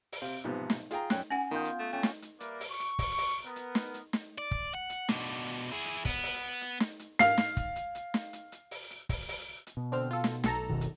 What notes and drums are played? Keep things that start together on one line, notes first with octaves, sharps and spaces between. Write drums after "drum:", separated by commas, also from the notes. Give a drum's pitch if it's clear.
drum: open hi-hat
C3 C4 F5
B1 G#2 C3 F3 B3
drum: snare
F4 G#4 G5 A#5, drum: hi-hat
F#2 C#4 G5 F#6, drum: snare
C#4 F#5 G#5
D#3 B3 F4 G5
drum: hi-hat
A3
A3 C#4 G5
drum: snare
drum: hi-hat
G3 A#3 A#4 B4 D5 E5, drum: hi-hat
drum: open hi-hat
C#6
drum: hi-hat
drum: kick, open hi-hat
drum: open hi-hat
B3 A#4
drum: hi-hat
drum: snare
drum: hi-hat
drum: snare
D5
drum: kick
F#5
drum: hi-hat
B2 D4, drum: snare
drum: hi-hat
E4 G#4
drum: hi-hat
B3, drum: kick, open hi-hat
drum: open hi-hat
drum: hi-hat
drum: snare
drum: hi-hat
F5 C7, drum: snare
drum: snare
drum: kick, hi-hat
drum: hi-hat
drum: hi-hat
drum: snare
drum: hi-hat
drum: hi-hat
drum: open hi-hat
drum: hi-hat
drum: kick, open hi-hat
drum: open hi-hat
drum: hi-hat
B2
D3 C4 F6
F4 A4
drum: snare
B1 A4 A#5, drum: snare
F#1 B2 D#3
drum: hi-hat